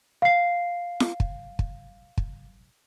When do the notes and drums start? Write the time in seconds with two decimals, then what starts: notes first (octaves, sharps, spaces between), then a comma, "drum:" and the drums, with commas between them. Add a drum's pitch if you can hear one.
0.22 F5 C7
1.00 drum: snare
1.20 drum: kick
1.59 drum: kick
2.18 drum: kick